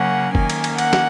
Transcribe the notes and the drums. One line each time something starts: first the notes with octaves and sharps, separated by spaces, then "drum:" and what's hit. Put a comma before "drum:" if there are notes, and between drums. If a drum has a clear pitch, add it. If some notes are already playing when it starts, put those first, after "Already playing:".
Already playing: C#3 F#3 A#3 C#4 F#5
D#3 A#3 C#4 G#5, drum: kick
drum: cymbal
drum: cymbal
F#5, drum: cymbal
drum: snare